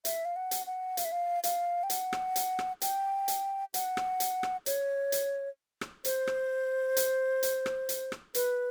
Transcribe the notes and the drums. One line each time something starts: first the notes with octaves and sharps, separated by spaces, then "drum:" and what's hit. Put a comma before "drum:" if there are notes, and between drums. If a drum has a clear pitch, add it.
E5, drum: hi-hat
F5
F#5
drum: hi-hat
F#5
F5, drum: hi-hat
E5
F5
F5, drum: hi-hat
G5
F#5, drum: hi-hat
drum: rim click
drum: hi-hat
drum: rim click
G5, drum: hi-hat
drum: hi-hat
F#5, drum: hi-hat
drum: rim click
drum: hi-hat
drum: rim click
C#5, drum: hi-hat
drum: hi-hat
drum: rim click
C5, drum: hi-hat
drum: rim click
drum: hi-hat
drum: hi-hat
drum: rim click
drum: hi-hat
drum: rim click
B4, drum: hi-hat